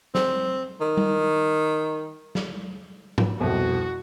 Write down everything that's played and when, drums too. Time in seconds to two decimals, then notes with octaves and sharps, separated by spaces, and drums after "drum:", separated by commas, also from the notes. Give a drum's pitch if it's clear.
0.15 C4, drum: snare
0.80 D#3
0.97 drum: tom G3
2.35 drum: snare
3.18 drum: tom G#2
3.40 C2 F2 B2 F#4